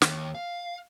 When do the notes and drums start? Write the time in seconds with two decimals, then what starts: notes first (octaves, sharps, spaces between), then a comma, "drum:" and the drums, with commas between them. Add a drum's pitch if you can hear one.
0.02 D#2, drum: snare
0.35 F5